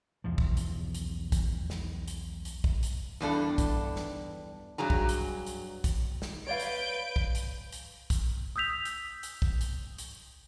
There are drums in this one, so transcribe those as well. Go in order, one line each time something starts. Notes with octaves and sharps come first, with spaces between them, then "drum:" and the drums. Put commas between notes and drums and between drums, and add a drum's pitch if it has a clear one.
B1 E2 F3
drum: kick
drum: hi-hat
drum: hi-hat
drum: kick, hi-hat
drum: snare
drum: hi-hat
drum: hi-hat
drum: kick
drum: hi-hat
E2 G2 D4 A4
drum: kick, hi-hat
drum: snare
G2 F#3 G#4 A#5
drum: kick
drum: hi-hat
drum: hi-hat
drum: kick, hi-hat
drum: snare
B4 C#5 D5 F5 G6 D7
drum: hi-hat
drum: kick
drum: hi-hat
drum: hi-hat
drum: kick, hi-hat
D#6 E6 G6 B6 F7
drum: hi-hat
drum: hi-hat
drum: kick
drum: hi-hat
drum: hi-hat